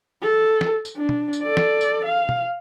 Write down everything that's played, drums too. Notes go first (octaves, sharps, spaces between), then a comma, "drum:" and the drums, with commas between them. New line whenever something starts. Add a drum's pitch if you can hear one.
A4
drum: snare
drum: tambourine
D4
drum: tom
drum: tambourine
A4 D5
drum: snare
drum: tambourine
F5
drum: tom